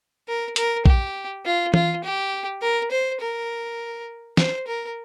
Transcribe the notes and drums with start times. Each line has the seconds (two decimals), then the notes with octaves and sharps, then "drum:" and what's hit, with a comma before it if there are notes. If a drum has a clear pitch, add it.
0.28 A#4
0.56 A#4, drum: hi-hat
0.86 G4, drum: kick A#1
1.45 F4
1.74 F4, drum: tom E3
2.04 G4
2.62 A#4
2.91 C5
3.20 A#4
4.37 C5, drum: snare
4.67 A#4